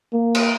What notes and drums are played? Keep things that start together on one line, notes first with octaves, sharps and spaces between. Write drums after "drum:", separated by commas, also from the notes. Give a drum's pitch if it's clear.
A#3
drum: cymbal